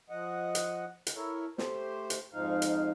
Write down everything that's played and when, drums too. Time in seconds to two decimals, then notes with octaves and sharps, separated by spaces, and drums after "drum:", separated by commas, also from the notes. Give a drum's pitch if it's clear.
0.10 F3 D#5 F#5
0.55 drum: hi-hat
1.07 drum: hi-hat
1.16 E4 A4 A#4 C#5
1.58 A3 G4 C5, drum: snare
2.10 drum: hi-hat
2.33 F2 G#2 F3 D#4 F5
2.62 drum: hi-hat